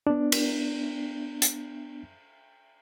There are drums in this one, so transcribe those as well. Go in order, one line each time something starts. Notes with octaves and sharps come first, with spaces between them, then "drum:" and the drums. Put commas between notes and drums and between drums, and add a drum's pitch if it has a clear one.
B3 D4
drum: cymbal
drum: hi-hat